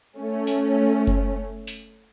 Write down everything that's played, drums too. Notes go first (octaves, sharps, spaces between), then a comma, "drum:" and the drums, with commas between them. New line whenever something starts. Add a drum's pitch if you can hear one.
A3 C#4
drum: open hi-hat
drum: kick F#1, hi-hat
drum: open hi-hat